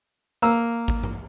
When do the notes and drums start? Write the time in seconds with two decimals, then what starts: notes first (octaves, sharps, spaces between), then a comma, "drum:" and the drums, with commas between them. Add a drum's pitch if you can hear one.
0.42 A#3 A#5 E6
0.88 drum: kick G#1
1.03 drum: tom G2